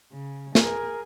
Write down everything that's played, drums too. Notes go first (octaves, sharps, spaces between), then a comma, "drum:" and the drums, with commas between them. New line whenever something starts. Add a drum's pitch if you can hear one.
C#3
G#4 A#4, drum: snare